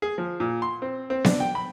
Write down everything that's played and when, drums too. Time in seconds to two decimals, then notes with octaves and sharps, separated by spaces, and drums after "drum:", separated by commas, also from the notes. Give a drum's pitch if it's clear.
0.02 G#4
0.18 F3
0.40 A#2
0.62 C6
0.82 C4
1.10 C4
1.25 D4, drum: snare B3
1.40 G5
1.55 B5